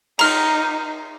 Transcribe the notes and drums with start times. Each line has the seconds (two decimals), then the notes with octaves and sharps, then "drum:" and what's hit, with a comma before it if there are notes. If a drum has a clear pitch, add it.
0.19 D#4 A#5 F6, drum: cymbal